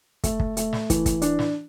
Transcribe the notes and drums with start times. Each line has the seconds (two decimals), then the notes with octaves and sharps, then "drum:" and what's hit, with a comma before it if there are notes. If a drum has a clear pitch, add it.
0.24 A3, drum: kick, hi-hat
0.40 drum: kick
0.57 A3, drum: hi-hat
0.73 drum: snare
0.90 E3, drum: kick, hi-hat
1.06 drum: kick, hi-hat
1.22 D4, drum: hi-hat
1.39 drum: snare